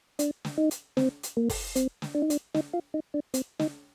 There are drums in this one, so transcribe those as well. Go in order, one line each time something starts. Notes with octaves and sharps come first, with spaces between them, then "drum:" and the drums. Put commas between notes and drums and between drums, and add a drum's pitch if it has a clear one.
D4, drum: hi-hat
drum: snare
D#4
drum: hi-hat
C4, drum: snare
drum: hi-hat
A#3
drum: kick, open hi-hat
C4, drum: hi-hat
drum: snare
D4
D#4
D4, drum: hi-hat
D#4, drum: snare
F4
D#4
D4
C4, drum: hi-hat
D#4, drum: snare